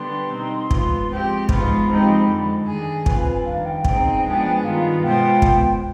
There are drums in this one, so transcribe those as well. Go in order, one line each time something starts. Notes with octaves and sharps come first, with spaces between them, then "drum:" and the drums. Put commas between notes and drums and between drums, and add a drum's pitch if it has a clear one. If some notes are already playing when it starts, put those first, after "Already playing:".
Already playing: D3 G3 B3 D4 G4 C6
B2 G3 C4 D#4
G#2 F3 B3 F4, drum: kick
F3 G#3 C4 G4
G#2 F3 B3 F4 B5, drum: kick
F3 G#3 C4 D#4 G4
F2 D3 G#3
G2 D#3 G3 D4 G#4 G#5
G3 C4 F4 B4, drum: kick
F2 D#3 G3 D4 F5
G5
B2 G3 C4 D#4 G#4 G5, drum: kick
F3 G#3 B3 D4 G#4
G2 D#3 B3 F4 F5
B2 G#3 B3 F4 C5 G5
drum: kick